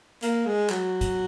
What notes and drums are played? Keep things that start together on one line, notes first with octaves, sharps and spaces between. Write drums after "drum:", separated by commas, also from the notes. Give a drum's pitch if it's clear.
A#3, drum: hi-hat
G#3
F#3, drum: clap
drum: kick, hi-hat